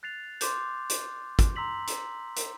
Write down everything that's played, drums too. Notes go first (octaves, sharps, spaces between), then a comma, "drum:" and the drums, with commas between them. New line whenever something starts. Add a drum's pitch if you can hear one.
F#6 A6 C7 F7
C6 D6 G6, drum: hi-hat
drum: hi-hat
drum: kick, hi-hat
A#5 C6 E6 B6 F#7
drum: hi-hat
drum: hi-hat